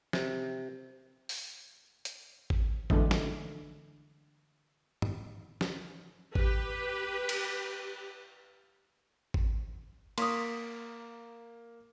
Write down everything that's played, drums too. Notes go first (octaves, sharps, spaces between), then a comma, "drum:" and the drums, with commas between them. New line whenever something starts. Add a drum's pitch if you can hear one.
C3, drum: snare
drum: open hi-hat
drum: hi-hat
drum: kick G#1
D3 E3 G#3 A3 B3 D4, drum: kick G#1
drum: snare
drum: tom
drum: snare
G4 B4, drum: kick G#1
drum: cymbal
drum: kick G#1
A#3 C6 C#6 D#6 B6, drum: cymbal